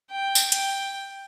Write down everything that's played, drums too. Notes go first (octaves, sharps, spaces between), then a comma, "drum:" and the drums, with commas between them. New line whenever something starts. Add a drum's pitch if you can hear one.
G5
drum: tambourine
G5, drum: hi-hat